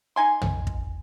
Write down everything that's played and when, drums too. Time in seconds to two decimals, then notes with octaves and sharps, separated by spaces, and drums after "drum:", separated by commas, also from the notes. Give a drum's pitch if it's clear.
0.16 D#4 G#5 C6
0.42 drum: tom
0.67 drum: kick